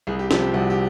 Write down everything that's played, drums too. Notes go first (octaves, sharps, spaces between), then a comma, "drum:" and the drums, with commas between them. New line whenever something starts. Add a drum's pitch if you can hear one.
C2 G#4
G4
C3 F3 G4, drum: snare
G4
C2 F#4
G4